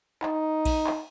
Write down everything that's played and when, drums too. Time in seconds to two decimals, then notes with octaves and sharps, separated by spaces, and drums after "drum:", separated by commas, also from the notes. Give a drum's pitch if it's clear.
0.22 D#4, drum: clap
0.65 drum: kick A#1, cymbal
0.87 drum: clap